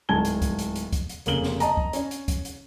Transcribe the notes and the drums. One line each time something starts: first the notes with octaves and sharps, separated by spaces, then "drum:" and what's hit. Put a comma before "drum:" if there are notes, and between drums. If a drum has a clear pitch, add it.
D1 G#2 A5 G#6 G7
drum: hi-hat
drum: kick, hi-hat
drum: hi-hat
drum: hi-hat
drum: kick, hi-hat
drum: hi-hat
F1 C#3 A#3 F5 F#7 G7, drum: hi-hat
drum: snare
D#5 A5 A#5, drum: hi-hat
drum: kick
C#4 C#5, drum: hi-hat
drum: hi-hat
drum: kick, hi-hat
drum: hi-hat